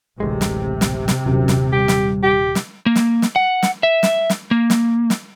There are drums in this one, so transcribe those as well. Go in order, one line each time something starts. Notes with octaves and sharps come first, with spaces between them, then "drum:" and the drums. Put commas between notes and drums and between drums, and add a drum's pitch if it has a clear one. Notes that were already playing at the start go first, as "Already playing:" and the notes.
D1 A1 C3 G#3
drum: snare
drum: snare
drum: snare
D#1 F#2
drum: snare
G3 G4
drum: snare
G4
drum: snare
A#3
drum: snare
drum: snare
F#5
drum: snare
E5
drum: snare
drum: snare
A#3
drum: snare
drum: snare